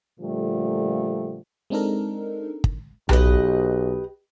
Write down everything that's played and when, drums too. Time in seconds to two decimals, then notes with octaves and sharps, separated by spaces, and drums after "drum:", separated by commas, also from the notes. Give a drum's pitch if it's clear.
0.20 A#2 D3 F3 G3 A3
1.70 G#3 C4 D4 D#4 A4 A#4
2.64 drum: kick
3.09 B1 G4 B4 D#5, drum: tom B1